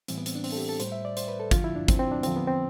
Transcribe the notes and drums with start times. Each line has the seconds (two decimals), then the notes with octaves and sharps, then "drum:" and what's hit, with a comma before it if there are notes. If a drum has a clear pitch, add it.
0.08 A2 E3 G3 C4, drum: hi-hat
0.18 B3
0.26 C4, drum: hi-hat
0.35 D4
0.44 C4, drum: open hi-hat
0.52 A4
0.57 G4
0.69 A4
0.80 A2 G3 C5, drum: hi-hat
0.92 E5
1.05 D5
1.17 C5, drum: hi-hat
1.28 B4
1.40 A4
1.51 G2 D3 F3 F4, drum: kick, hi-hat
1.64 E4
1.76 D4
1.88 C4, drum: kick, hi-hat
1.99 C4
2.12 D4
2.23 E2 D3 F3 C4, drum: hi-hat
2.36 B3
2.48 C4